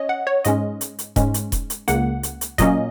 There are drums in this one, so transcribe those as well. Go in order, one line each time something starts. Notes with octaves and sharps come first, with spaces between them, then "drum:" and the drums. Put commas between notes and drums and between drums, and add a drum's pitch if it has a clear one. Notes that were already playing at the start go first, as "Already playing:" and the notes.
Already playing: C#4 C#5 D#5
F#5
C#5
G#2 G#3 C#4 D#5, drum: hi-hat
drum: hi-hat
drum: hi-hat
G#2 G#3 C#4, drum: kick E1, hi-hat
drum: hi-hat
drum: kick E1, hi-hat
drum: hi-hat
C#2 C#3 A#3 F#5, drum: hi-hat
drum: hi-hat
drum: hi-hat
A#2 F#3 A#3 C#4 D#5, drum: kick E1, hi-hat